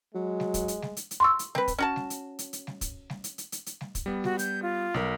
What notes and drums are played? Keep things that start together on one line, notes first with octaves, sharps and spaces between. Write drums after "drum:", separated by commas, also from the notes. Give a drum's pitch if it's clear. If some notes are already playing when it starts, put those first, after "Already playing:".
F#3 G#3
drum: snare G3
drum: kick, hi-hat
drum: hi-hat
drum: snare G3
drum: hi-hat
drum: hi-hat
C6 C#6 E6
drum: hi-hat
C4 B4, drum: snare G3
drum: kick, hi-hat
C#4 F#4 A5
drum: snare G3
drum: hi-hat
drum: hi-hat
drum: hi-hat
drum: snare G3
drum: kick, hi-hat
drum: snare G3
drum: hi-hat
drum: hi-hat
drum: hi-hat
drum: hi-hat
drum: snare G3
drum: kick, hi-hat
G3 B3
F#4, drum: snare G3
G6, drum: hi-hat
F4
B1 A#4, drum: snare G3